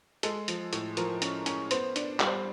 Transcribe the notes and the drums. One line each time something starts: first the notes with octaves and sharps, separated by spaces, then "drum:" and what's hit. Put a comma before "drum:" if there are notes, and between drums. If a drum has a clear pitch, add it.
G#3 A4, drum: hi-hat
F3, drum: hi-hat
A2, drum: hi-hat
F3 A#4, drum: hi-hat
C#4, drum: hi-hat
C#4, drum: hi-hat
B3 C5, drum: hi-hat
D4, drum: hi-hat
G3, drum: clap
C5